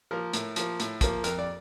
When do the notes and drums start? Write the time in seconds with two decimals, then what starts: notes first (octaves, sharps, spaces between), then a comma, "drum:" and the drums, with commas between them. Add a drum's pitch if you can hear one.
0.11 F3 A#3 A#4
0.33 A2, drum: hi-hat
0.56 F3 A#3, drum: hi-hat
0.80 A2, drum: hi-hat
1.01 F3 A#3, drum: kick, hi-hat
1.24 F2 A#4, drum: hi-hat
1.39 D5